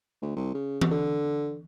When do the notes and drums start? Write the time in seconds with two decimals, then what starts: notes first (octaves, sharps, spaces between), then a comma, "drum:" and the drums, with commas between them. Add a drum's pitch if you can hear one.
0.22 D2
0.36 C2
0.54 C#3
0.81 drum: tom E3
0.91 D3